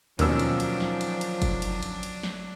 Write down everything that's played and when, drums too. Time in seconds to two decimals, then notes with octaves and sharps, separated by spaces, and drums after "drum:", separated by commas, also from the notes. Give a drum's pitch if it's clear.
0.19 D#2 B2 D#3 F3 F#3 C#4 D4 E6, drum: cymbal
0.39 drum: cymbal
0.60 drum: cymbal
0.80 drum: snare
1.01 drum: cymbal
1.21 drum: cymbal
1.42 drum: kick F#1, cymbal
1.62 drum: cymbal
1.83 drum: cymbal
2.03 drum: cymbal
2.23 drum: snare